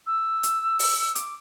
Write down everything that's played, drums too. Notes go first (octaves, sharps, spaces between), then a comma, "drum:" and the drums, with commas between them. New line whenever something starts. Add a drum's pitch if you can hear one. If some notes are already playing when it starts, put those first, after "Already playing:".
E6
drum: hi-hat
drum: open hi-hat
D6, drum: hi-hat